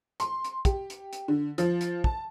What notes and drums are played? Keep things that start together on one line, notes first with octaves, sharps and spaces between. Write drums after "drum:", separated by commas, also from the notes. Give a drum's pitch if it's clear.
C6, drum: hi-hat
drum: hi-hat
G4, drum: kick, hi-hat
drum: hi-hat
drum: hi-hat
D3
F3, drum: hi-hat
drum: hi-hat
A5, drum: kick